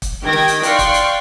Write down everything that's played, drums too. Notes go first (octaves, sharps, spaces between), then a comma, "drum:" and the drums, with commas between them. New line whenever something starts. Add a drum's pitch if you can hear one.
drum: kick, hi-hat
D#3 G4 G5 G#6 A#6
drum: snare
drum: hi-hat
D5 F5 G5 C6 C#6 F#6, drum: hi-hat
drum: kick, hi-hat
drum: hi-hat